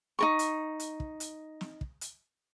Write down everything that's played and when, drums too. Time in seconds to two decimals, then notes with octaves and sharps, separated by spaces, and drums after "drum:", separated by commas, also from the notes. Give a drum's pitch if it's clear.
0.19 D#4 A#4 C#6
0.39 drum: hi-hat
0.80 drum: hi-hat
1.00 drum: kick
1.20 drum: hi-hat
1.61 drum: snare
1.81 drum: kick
2.01 drum: hi-hat